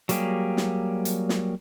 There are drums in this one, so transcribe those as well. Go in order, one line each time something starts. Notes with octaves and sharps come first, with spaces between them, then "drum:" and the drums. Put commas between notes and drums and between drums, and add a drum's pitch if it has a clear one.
F#3 G3 A#3 G4 G#4, drum: hi-hat
drum: snare
drum: hi-hat
drum: snare